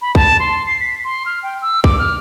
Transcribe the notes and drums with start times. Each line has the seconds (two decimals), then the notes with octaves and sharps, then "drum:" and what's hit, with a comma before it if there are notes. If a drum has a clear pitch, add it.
0.02 B5
0.15 A5, drum: kick
0.40 C6
0.66 C7
0.80 B6
1.04 C6
1.26 F6
1.43 G5
1.62 E6
1.84 D6, drum: kick
1.99 F6